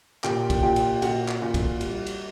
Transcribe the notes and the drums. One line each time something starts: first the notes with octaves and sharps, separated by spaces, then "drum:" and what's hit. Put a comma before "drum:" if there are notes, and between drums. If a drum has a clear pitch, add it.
A#2 G4 G5, drum: clap
drum: kick, cymbal
A#2 G4 G5
drum: cymbal
A#2 F#4 F#5, drum: cymbal
drum: clap
A#2
drum: kick, cymbal
G3, drum: cymbal
drum: cymbal